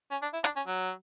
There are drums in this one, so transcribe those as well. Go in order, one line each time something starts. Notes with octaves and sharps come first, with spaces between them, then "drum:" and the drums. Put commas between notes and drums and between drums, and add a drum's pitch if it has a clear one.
C#4
D4
E4
D4, drum: hi-hat
C#4
F#3